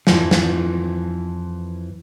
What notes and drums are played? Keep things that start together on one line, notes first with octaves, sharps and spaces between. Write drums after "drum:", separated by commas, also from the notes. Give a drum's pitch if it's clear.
F2 E3 F3, drum: snare
drum: snare